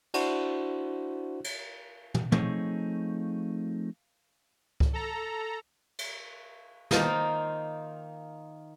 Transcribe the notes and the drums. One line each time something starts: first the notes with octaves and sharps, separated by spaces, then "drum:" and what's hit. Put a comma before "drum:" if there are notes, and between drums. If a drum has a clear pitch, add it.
D4 E4 F#4 C5, drum: cymbal
drum: cymbal
drum: tom
F3 A3 C4 D#4 G#4 C#5, drum: tom
drum: kick C#2
A4 A#5
drum: cymbal
D#3 A#3 D#4 F4 C5, drum: snare